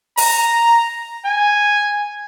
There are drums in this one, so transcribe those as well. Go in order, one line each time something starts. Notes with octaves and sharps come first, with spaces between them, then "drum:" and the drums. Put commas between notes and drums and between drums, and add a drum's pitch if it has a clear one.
A#5, drum: open hi-hat
G#5